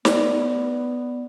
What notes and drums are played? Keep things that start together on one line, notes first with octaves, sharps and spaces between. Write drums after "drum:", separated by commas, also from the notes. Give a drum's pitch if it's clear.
B3 D5, drum: snare